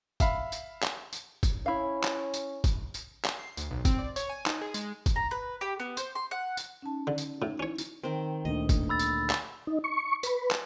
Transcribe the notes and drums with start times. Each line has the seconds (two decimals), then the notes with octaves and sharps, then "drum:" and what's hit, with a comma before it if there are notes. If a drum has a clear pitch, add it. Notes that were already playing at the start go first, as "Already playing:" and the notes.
0.20 E5 F5 B5, drum: kick, tambourine
0.52 drum: tambourine
0.82 drum: clap
1.13 drum: tambourine
1.43 drum: kick, tambourine
1.66 C#4 E4 F5
2.03 drum: clap
2.34 drum: tambourine
2.64 drum: kick, tambourine
2.94 drum: tambourine
3.24 drum: clap
3.39 C7
3.57 D2, drum: tambourine
3.71 B1
3.85 C4, drum: kick, tambourine
3.99 D5
4.16 C#5, drum: tambourine
4.29 G#5
4.46 D#4, drum: clap
4.61 G#4
4.74 G#3, drum: tambourine
5.06 drum: kick, tambourine
5.16 A#5
5.31 B4
5.61 G4
5.80 B3
5.97 C5, drum: tambourine
6.15 C6
6.31 F#5
6.57 drum: tambourine
6.82 C#4 D#4 A5
7.07 D3
7.18 drum: tambourine
7.42 A2 D#4
7.60 C#4 E4 C#5
7.78 drum: tambourine
8.03 D#3 C4
8.45 D2 A#2 D3 D#5
8.69 drum: kick, tambourine
8.89 B5 E6 A6
8.99 drum: tambourine
9.30 drum: clap
9.67 D#4
9.84 C#6
10.23 B4, drum: tambourine
10.51 drum: clap